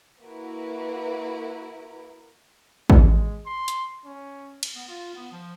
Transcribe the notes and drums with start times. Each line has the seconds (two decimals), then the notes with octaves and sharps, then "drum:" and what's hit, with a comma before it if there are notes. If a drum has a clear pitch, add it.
0.23 A#3 E4 F#4 B4 A#5 D7
2.90 G#3, drum: kick A1
3.46 C6
3.68 drum: hi-hat
4.05 C#4
4.63 drum: cymbal
4.75 B3
4.89 F4
5.15 B3
5.31 F3